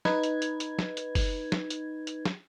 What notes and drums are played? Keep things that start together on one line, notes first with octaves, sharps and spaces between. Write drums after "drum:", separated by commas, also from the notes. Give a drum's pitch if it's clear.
D#4 B4 G#6, drum: snare
drum: hi-hat
drum: hi-hat
drum: hi-hat
drum: snare
drum: hi-hat
drum: kick F#1, open hi-hat
drum: snare
drum: hi-hat
drum: hi-hat
drum: snare